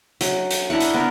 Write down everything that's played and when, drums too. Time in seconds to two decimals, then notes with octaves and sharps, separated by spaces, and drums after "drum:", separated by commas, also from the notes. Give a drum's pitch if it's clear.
0.21 F#3, drum: hi-hat
0.51 drum: hi-hat
0.70 D4 E4 A#4 F#5
0.80 drum: hi-hat
0.94 B3 A#4